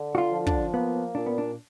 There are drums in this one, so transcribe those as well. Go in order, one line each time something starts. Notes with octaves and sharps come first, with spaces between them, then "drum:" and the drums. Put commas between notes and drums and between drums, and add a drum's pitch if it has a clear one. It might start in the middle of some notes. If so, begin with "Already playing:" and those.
Already playing: D3
F#4
F4
F3
D4, drum: kick
A#3 B3
A#2 D4
B3
D4